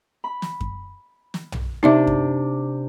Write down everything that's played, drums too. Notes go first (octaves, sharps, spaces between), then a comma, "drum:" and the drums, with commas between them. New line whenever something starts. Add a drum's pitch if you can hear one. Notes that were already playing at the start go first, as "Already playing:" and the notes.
B5
drum: snare
drum: kick F#2
drum: snare
drum: tom
C3 D4 D#4 D5 E5
drum: kick F#2